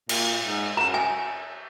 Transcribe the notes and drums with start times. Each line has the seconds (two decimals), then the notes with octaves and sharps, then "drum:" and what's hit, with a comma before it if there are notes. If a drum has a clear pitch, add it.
0.09 A#2, drum: cymbal
0.43 G#2
0.77 F#2 A#5
0.94 G#5